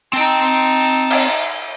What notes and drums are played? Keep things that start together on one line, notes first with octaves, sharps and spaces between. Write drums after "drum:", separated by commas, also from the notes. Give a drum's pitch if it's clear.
C4 D#4 G5 A5
drum: cymbal